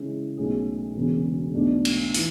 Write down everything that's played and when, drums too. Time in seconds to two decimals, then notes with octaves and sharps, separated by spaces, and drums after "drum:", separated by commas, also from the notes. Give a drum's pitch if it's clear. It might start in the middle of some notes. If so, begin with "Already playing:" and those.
Already playing: C#3 G#3 C#4 E4
0.37 B1 B2 A3 C#4 G#4
0.95 E1 E2 C#3
1.53 B1 B2 A3 D4
1.85 drum: cymbal
2.14 E3, drum: open hi-hat